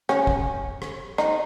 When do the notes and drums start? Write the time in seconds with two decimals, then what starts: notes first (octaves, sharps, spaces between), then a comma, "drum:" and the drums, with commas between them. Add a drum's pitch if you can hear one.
0.09 C#4, drum: rim click
0.27 drum: kick
0.82 drum: rim click
1.18 D#4, drum: rim click